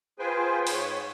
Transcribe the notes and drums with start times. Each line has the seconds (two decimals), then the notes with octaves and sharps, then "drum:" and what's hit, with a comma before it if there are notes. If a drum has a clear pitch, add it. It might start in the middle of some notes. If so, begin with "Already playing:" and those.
0.19 F4 G#4 B4 C5 G5 G#5
0.67 G#2 C#5, drum: open hi-hat